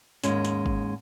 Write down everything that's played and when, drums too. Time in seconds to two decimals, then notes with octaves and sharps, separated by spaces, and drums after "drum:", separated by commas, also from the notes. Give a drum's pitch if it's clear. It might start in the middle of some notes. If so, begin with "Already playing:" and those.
0.24 D#2 G#2 G#3 C#4, drum: snare
0.45 drum: snare
0.66 drum: kick